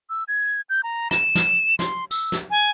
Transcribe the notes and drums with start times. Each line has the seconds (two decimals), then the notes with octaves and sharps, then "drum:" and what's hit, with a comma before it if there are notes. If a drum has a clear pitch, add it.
0.10 E6
0.28 G#6
0.70 G6
0.83 A#5
1.11 E7, drum: rim click
1.35 drum: snare
1.79 C6, drum: snare
2.11 E6, drum: tambourine
2.32 drum: snare
2.50 G#5